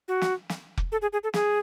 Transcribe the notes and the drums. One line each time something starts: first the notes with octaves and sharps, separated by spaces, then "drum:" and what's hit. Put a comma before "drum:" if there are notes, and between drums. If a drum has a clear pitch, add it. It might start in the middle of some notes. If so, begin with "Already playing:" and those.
F#4
drum: snare
drum: snare
drum: kick F1
A4
G#4
G#4
A4
G#4, drum: snare